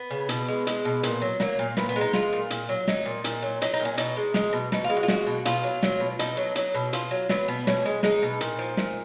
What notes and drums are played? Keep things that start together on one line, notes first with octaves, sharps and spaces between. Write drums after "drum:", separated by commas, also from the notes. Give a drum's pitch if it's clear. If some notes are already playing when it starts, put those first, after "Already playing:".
Already playing: B3
C#3
B2, drum: hi-hat
G#3
G#3, drum: hi-hat
B2
A#2, drum: hi-hat
F#3
F#3 A#3, drum: snare
A#2
A#2 B3, drum: snare
B3
G#3
D#4
G#3 F4, drum: snare
A#2
A#2, drum: hi-hat
F#3
F#3 D#4, drum: snare
A#2
A#2, drum: hi-hat
F#3
F#3 D#4, drum: hi-hat
D#4
A#2
C#4
B2 D#4, drum: hi-hat
G#3
G#3, drum: snare
B2
B2 D#4, drum: snare
F4
G#3
F#4
F4
G#3 F#4, drum: snare
B2
B2 F4, drum: hi-hat
F#3
F#3, drum: snare
B2
B2 D#4, drum: hi-hat
F#3
F#3, drum: hi-hat
B2
B2 F4, drum: hi-hat
F#3
F#3 B3, drum: snare
B2 B3
B2 C#4, drum: snare
G#3
G#3 D#4, drum: snare
B2
A#2, drum: hi-hat
F3
A#2, drum: snare